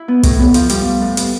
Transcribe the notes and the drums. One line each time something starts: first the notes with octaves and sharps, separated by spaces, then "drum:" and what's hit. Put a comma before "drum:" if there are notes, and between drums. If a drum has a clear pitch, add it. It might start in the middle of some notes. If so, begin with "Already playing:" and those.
Already playing: E4
B3
A2, drum: kick, hi-hat
B3
F3, drum: hi-hat
G3, drum: hi-hat
G3
A2
B3, drum: hi-hat